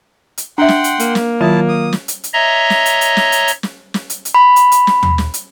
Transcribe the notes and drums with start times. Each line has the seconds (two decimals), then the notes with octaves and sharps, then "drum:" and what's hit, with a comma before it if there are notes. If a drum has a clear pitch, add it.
0.38 drum: hi-hat
0.58 D4 E5 F#5 G5 C6
0.69 drum: snare
0.84 drum: hi-hat
1.00 A#3, drum: hi-hat
1.15 drum: snare
1.41 D#3 F#3 E4 F4 A5
1.69 D#6
1.93 drum: snare
2.08 drum: hi-hat
2.24 drum: hi-hat
2.33 C#5 D#5 E5 A#5
2.70 drum: snare
2.86 drum: hi-hat
3.01 drum: hi-hat
3.17 drum: snare
3.32 drum: hi-hat
3.48 drum: hi-hat
3.63 drum: snare
3.94 drum: snare
4.10 drum: hi-hat
4.25 drum: hi-hat
4.35 B5
4.56 drum: hi-hat
4.72 drum: hi-hat
4.87 drum: snare
5.03 drum: tom D#2
5.18 drum: snare
5.34 drum: hi-hat